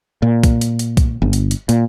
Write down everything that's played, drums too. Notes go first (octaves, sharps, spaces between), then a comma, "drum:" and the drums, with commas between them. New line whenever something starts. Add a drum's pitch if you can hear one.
A#2
drum: kick B1, hi-hat
drum: hi-hat
drum: hi-hat
drum: kick B1, hi-hat
G1
drum: hi-hat
drum: hi-hat
A#2, drum: hi-hat